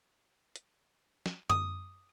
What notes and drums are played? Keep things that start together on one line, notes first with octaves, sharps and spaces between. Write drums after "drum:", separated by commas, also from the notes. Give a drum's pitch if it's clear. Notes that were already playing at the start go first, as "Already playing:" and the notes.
drum: hi-hat
drum: snare
D#6, drum: tom F#2